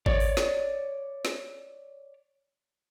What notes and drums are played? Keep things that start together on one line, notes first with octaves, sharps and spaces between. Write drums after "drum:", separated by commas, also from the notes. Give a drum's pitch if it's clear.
C#5 D5, drum: kick G#1
drum: open hi-hat
drum: snare
drum: snare